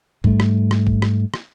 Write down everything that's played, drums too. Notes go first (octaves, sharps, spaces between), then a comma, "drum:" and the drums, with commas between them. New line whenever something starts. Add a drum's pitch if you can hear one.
G#2 G3 A3, drum: kick
drum: rim click
drum: rim click
drum: kick
drum: rim click
drum: rim click